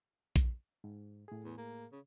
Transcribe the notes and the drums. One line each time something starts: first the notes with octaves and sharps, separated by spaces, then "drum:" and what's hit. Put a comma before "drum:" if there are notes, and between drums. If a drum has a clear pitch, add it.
drum: kick A#1, hi-hat
G#2
A2 G#4
E2
A#3
C#3